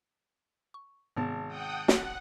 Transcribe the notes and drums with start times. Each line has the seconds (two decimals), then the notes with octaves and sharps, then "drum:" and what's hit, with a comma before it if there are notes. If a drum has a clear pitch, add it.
0.74 C#6
1.16 G#1 G#2 C3 B3 A5
1.47 F#5 G5 D#6
1.88 F#5, drum: snare